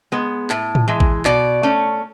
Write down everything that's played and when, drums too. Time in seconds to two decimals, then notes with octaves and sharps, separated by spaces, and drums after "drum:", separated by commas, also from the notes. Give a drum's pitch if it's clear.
0.12 G#3 B3
0.50 A2, drum: clap
0.75 drum: tom A2
0.88 E3 G#3
1.00 drum: kick A1
1.25 B2 D5, drum: clap
1.63 A3 C#4